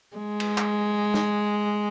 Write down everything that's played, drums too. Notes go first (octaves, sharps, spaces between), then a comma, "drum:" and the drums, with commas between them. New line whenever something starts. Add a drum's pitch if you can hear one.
G#3
drum: cymbal
drum: clap
drum: snare